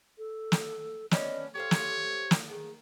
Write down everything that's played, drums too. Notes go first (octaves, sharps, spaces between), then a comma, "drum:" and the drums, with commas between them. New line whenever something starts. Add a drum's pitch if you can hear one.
A4
drum: snare
B3 C#4 D4 D#5, drum: snare
G4 A4 C5 C#5 F5
drum: snare
drum: snare
D#3 G#4